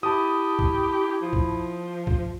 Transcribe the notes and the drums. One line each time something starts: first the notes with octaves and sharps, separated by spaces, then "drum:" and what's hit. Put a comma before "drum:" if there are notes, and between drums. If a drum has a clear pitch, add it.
E4 G4 A5 D#6
drum: kick
F3
drum: kick
drum: kick